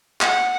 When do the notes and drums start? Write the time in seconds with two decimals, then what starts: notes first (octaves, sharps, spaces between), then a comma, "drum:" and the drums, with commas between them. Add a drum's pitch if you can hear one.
0.21 F#5, drum: clap